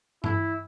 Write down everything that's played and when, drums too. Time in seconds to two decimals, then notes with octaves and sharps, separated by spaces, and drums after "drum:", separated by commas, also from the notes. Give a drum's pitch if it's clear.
0.24 E4, drum: tom G2